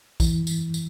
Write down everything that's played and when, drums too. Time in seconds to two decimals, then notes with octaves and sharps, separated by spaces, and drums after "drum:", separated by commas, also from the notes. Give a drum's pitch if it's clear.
0.20 E3, drum: kick A#1, tambourine
0.47 drum: tambourine
0.74 drum: tambourine